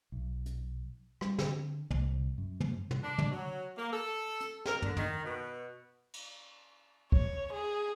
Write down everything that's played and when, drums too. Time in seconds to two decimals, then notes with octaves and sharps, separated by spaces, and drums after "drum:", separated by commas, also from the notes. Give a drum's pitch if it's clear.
0.12 B1
0.46 drum: hi-hat
1.21 G3, drum: rim click
1.39 D3, drum: snare
1.91 C2, drum: tom
2.38 F#2
2.60 drum: tom
2.91 drum: tom
3.03 D4
3.18 drum: tom
3.30 F#3
3.76 A#3
3.91 A4
4.40 drum: hi-hat
4.66 A#4, drum: snare
4.82 D3, drum: tom
4.97 D#3, drum: tom
5.24 B2
6.14 drum: cymbal
7.12 C#5, drum: kick
7.53 G#4